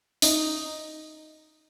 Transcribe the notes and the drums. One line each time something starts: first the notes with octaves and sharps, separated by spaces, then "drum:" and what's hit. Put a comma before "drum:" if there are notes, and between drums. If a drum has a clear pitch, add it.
D#4, drum: open hi-hat